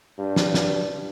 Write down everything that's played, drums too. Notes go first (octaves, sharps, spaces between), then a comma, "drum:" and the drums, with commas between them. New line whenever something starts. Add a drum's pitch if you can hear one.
G2
drum: snare
drum: snare